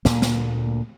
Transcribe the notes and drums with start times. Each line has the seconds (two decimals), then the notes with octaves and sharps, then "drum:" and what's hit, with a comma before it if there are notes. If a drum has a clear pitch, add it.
0.05 D2 A#2 A#3, drum: snare
0.22 drum: snare